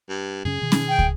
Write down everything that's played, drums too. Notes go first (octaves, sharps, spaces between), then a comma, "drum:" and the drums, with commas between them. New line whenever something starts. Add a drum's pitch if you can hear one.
G2
F#2 C#3 C#4 G#4
B2 D#3
drum: snare C#4
G5
drum: kick